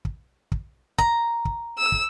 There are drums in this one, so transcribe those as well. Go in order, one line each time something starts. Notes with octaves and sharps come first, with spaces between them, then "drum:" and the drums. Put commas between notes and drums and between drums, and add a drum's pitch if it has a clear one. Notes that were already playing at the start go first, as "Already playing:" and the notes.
drum: kick
drum: kick
A#5, drum: kick
drum: kick
E6
drum: kick